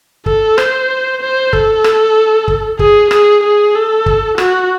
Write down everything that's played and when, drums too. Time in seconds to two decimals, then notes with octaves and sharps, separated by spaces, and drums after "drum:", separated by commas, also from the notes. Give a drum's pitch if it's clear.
0.26 A4, drum: kick
0.58 C5, drum: rim click
1.21 C5
1.53 A4, drum: kick
1.84 drum: rim click
2.48 drum: kick
2.79 G#4, drum: kick
3.11 G#4, drum: rim click
3.43 G#4
3.75 A4
4.06 drum: kick
4.38 F#4, drum: rim click